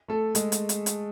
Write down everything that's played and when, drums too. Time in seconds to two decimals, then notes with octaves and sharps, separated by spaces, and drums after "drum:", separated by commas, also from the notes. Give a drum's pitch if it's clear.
0.08 A3 A4
0.35 G#3 G#4, drum: hi-hat
0.52 drum: hi-hat
0.69 drum: hi-hat
0.86 drum: hi-hat